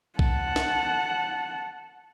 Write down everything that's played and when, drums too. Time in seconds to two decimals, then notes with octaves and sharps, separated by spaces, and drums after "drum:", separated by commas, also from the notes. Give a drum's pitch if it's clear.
0.19 F#5 A5, drum: kick A#1
0.56 drum: snare